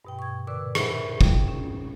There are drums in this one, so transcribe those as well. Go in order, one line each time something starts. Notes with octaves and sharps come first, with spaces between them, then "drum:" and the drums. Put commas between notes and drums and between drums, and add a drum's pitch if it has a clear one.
G2 B2 G5
C#6 G#6
A#2 D3 B4 D5 D6 E6
A#4 C5 E5 F#5 B5, drum: rim click
G#4 G5, drum: kick
C#4